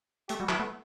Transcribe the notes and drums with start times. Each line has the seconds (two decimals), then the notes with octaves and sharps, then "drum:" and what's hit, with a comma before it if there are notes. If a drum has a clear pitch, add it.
0.29 A3 G4, drum: hi-hat
0.40 G3 F#4
0.49 F#3 E4, drum: clap
0.59 A3 B3